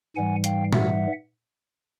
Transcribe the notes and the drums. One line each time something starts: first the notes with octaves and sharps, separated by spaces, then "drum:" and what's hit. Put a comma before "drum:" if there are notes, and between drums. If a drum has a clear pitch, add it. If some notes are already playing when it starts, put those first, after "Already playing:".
G#2 E3 G3 F#5 G#5
F5 G5, drum: hi-hat
E5 F#5, drum: tom A#2